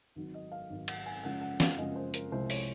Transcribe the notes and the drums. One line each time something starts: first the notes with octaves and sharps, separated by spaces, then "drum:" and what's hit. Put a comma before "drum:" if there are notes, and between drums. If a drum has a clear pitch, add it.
G#1 G#2 F#3
D#5
F5
G#1 G#2 F#3
F#5, drum: cymbal
G#5
F#2 C#3 F3 G#3 C#4 F#5
F#5
F5, drum: snare
F#2 C#3 F3 G#3 C#4 D#5
C5
A#4, drum: hi-hat
C2 C3 F3 G#3 C5
C#5, drum: open hi-hat